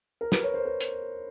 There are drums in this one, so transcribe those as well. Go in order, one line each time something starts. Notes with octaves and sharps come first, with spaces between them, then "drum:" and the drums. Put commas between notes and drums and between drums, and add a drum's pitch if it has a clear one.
A#4
B4, drum: snare
C#5
C5
A#4
drum: hi-hat